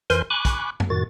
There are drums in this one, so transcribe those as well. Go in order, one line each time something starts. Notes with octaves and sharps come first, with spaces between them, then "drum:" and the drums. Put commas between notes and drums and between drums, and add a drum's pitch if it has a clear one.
F2 E3 A#4 C5 G#5 C6, drum: hi-hat
G#5 B5 C#6 D6 F#6
drum: kick, hi-hat
drum: tom F#2
F2 A2 D#3 F#4 A6